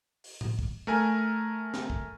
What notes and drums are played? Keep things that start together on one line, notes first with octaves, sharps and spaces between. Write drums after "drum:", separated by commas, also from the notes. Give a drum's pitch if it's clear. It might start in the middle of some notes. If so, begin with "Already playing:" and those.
drum: open hi-hat
drum: tom A2
drum: kick
A3 A#4 G#5
drum: snare
drum: kick